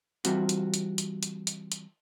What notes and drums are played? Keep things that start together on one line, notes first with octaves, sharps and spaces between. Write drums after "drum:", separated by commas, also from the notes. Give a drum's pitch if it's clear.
E3 G3 C4 F4 F#4, drum: hi-hat
drum: hi-hat
drum: hi-hat
drum: hi-hat
drum: hi-hat
drum: hi-hat
drum: hi-hat